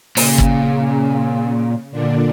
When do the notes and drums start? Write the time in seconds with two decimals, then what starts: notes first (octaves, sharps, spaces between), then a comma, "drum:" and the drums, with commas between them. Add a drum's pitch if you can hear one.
0.17 A#2 C#3, drum: open hi-hat
0.38 drum: kick
1.91 A#2 D3 D4